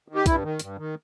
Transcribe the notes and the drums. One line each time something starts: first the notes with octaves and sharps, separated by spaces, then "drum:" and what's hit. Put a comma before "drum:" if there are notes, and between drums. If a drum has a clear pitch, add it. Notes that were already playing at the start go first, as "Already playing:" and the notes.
D#3
G4
G2 E4, drum: kick, hi-hat
D#3
G2, drum: hi-hat
D#3